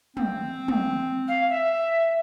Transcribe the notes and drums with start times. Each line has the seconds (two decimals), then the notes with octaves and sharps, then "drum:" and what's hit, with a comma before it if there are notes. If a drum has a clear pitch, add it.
0.17 C4, drum: tom
0.68 drum: tom
1.27 F5
1.48 E5